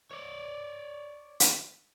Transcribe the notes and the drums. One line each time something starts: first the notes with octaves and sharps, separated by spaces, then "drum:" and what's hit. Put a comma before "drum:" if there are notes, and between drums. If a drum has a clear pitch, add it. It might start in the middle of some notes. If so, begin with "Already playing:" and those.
C#5 D5
drum: hi-hat